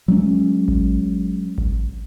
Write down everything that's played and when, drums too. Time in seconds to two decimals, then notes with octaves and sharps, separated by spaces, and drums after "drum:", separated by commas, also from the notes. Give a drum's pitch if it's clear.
0.08 F#3 G#3 C#4
0.68 drum: kick G#1
1.58 drum: kick G#1